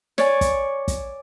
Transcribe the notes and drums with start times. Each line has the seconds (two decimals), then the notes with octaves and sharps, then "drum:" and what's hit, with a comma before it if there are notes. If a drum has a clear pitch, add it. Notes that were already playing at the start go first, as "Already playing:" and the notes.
0.18 C#5 D5 G#5, drum: snare
0.41 drum: kick, hi-hat
0.88 drum: kick, hi-hat